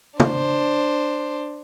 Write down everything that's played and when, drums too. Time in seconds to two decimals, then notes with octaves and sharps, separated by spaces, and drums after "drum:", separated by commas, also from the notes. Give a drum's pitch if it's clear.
0.20 D4 C5, drum: tom